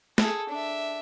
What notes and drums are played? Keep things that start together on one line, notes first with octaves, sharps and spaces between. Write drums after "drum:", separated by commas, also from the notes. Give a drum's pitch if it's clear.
G#4 A4, drum: snare
D4 E5